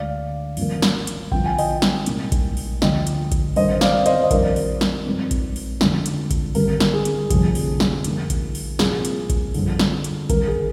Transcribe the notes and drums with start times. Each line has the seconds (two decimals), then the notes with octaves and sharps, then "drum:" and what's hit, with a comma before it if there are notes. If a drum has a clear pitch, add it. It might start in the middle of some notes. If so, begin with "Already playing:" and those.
Already playing: D2 D3 G#3 D5 F5
0.57 G#1 G2 F3 A#3, drum: open hi-hat
0.82 drum: snare
1.07 drum: hi-hat
1.32 G1 G2 F3 G5, drum: kick A#1
1.46 G#5
1.58 D#5 G5, drum: open hi-hat
1.82 drum: snare
2.06 C2 A#2 G#3 D#4, drum: hi-hat
2.32 drum: kick A#1, hi-hat
2.57 drum: open hi-hat
2.82 D2 D3 F3 G#3 D#5 G5, drum: snare
3.07 drum: hi-hat
3.32 drum: kick A#1, hi-hat
3.56 G2 D#3 G3 D4 C5 D#5, drum: open hi-hat
3.81 D5 F5, drum: snare
3.98 F5
4.06 C5 D#5, drum: hi-hat
4.24 D#5
4.31 F2 D#3 G3 D4 A#4 D5, drum: kick A#1, hi-hat
4.56 drum: open hi-hat
4.81 drum: snare
5.06 G2 F3 G#3 C4 D#4
5.31 drum: kick A#1, hi-hat
5.56 drum: open hi-hat
5.81 F2 D3 G#3 D4, drum: snare
6.06 drum: hi-hat
6.31 drum: kick A#1, hi-hat
6.55 G#1 G2 D3 G3 A#4, drum: open hi-hat
6.80 drum: snare
6.94 G#4
7.05 drum: hi-hat
7.31 F1 F2 D3 G3 G#4, drum: kick A#1, hi-hat
7.55 drum: open hi-hat
7.80 drum: snare
8.04 G1 G2 F3 A#3 D#4, drum: hi-hat
8.30 drum: kick A#1, hi-hat
8.55 drum: open hi-hat
8.79 C2 A#2 F3 C4 G#4, drum: snare
9.05 drum: hi-hat
9.30 drum: kick A#1, hi-hat
9.54 G1 F2 D3, drum: open hi-hat
9.79 drum: snare
10.04 drum: hi-hat
10.30 G#1 G2 D3 G3 A#4, drum: kick A#1, hi-hat
10.48 G#4